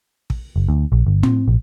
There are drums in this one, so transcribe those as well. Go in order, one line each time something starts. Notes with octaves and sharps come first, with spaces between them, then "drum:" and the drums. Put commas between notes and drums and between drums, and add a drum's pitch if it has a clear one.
drum: kick
F#1
D2
A#1
G1
C4, drum: tom
A#1